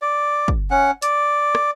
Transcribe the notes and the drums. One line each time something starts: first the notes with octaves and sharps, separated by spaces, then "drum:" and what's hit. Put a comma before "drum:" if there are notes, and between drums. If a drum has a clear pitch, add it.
D5
drum: kick
C#4 F#5
D5, drum: hi-hat
drum: rim click